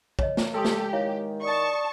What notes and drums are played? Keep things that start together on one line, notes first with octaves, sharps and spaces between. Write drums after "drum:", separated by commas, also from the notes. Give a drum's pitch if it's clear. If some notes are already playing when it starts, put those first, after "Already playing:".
C#5 D#5, drum: kick
drum: snare
G#3 G4 A4 A#4 C6 D#6
drum: snare
D#3 E4 C#5 F5
D5 A5 C#6 D#6